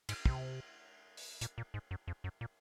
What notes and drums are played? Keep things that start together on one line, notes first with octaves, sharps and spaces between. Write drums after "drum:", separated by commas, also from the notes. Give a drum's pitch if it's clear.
G#2, drum: cymbal
C3, drum: kick
drum: open hi-hat
A#2, drum: hi-hat
A#2
G#2
F#2
F2
F#2
A#2